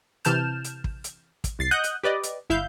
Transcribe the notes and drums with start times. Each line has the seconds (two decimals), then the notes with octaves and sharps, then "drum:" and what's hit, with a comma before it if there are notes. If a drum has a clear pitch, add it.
0.25 C3 E3 A5 F6 G6 E7, drum: hi-hat
0.64 drum: hi-hat
0.84 drum: kick
1.04 drum: hi-hat
1.44 drum: kick, hi-hat
1.59 C2 A6 C7
1.71 D#5 F#5 D#6 F#6 G6
1.84 drum: hi-hat
2.03 G4 B4 D5 D#5
2.23 drum: hi-hat
2.50 G1 E4 E5 F5 G6